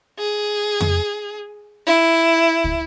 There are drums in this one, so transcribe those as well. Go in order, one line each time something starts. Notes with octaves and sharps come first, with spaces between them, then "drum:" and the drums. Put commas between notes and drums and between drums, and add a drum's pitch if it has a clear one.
G#4
drum: tom F2
E4
drum: kick